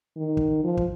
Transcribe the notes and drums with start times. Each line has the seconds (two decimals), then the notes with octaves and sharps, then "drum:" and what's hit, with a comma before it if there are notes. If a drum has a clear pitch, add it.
0.17 D#3
0.37 drum: kick
0.64 F3
0.77 drum: kick